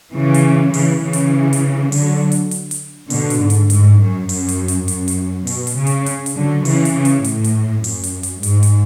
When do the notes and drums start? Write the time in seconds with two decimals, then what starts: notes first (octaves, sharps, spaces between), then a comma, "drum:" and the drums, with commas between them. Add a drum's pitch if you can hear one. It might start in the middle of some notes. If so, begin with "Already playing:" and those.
0.14 C#3 E3
0.34 drum: hi-hat
0.74 C#3 E3, drum: open hi-hat
1.04 C#3 E3
1.13 drum: hi-hat
1.53 drum: hi-hat
1.92 D3 F#3, drum: open hi-hat
2.32 drum: hi-hat
2.51 drum: hi-hat
2.71 drum: hi-hat
3.10 B2 D3, drum: open hi-hat
3.30 drum: hi-hat
3.40 G#2
3.50 drum: hi-hat
3.70 G#2, drum: hi-hat
3.99 F#2
4.29 F#2, drum: open hi-hat
4.48 drum: hi-hat
4.68 drum: hi-hat
4.88 F#2, drum: hi-hat
5.08 drum: hi-hat
5.47 B2, drum: open hi-hat
5.67 drum: hi-hat
5.77 C#3
5.87 drum: hi-hat
6.06 drum: hi-hat
6.26 drum: hi-hat
6.35 D3 F#3
6.65 C#3 E3, drum: open hi-hat
6.85 drum: hi-hat
6.95 C#3
7.05 drum: hi-hat
7.24 A2, drum: hi-hat
7.44 drum: hi-hat
7.84 F#2, drum: open hi-hat
8.04 drum: hi-hat
8.23 drum: hi-hat
8.43 G#2, drum: hi-hat
8.63 drum: hi-hat